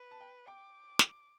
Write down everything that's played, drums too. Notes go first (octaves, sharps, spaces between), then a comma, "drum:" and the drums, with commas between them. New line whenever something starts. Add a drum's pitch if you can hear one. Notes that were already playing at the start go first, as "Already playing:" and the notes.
Already playing: B4
A5
G5
G5 D6
drum: snare